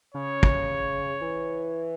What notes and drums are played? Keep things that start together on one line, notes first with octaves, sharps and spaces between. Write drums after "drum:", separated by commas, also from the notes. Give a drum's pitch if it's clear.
C#3 C#5
drum: kick
E3